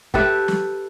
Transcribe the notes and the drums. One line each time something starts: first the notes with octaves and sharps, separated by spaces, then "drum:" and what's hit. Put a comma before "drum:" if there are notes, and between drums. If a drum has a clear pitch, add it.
G4 A4 B4 E5, drum: kick
drum: snare